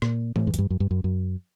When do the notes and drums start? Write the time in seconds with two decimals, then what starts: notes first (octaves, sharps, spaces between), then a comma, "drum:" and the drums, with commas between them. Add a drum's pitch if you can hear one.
0.02 A#2, drum: rim click
0.36 A2, drum: tom E3
0.47 G#2
0.54 F#2, drum: hi-hat
0.59 G2
0.70 F#2
0.80 G2
0.91 F#2
1.04 F#2